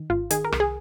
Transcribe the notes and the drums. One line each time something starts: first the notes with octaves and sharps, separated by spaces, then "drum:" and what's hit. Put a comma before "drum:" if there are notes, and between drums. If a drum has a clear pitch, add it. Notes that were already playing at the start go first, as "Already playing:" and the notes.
Already playing: D#3
G#1 F4
D#3 G#4, drum: hi-hat
A#4
C2, drum: rim click
G#4